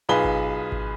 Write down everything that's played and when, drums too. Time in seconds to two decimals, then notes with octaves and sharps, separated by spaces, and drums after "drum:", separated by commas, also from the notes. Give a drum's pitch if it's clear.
0.09 B1 F4 G#4 B4 B5 G7
0.24 drum: kick G#1
0.72 drum: kick G#1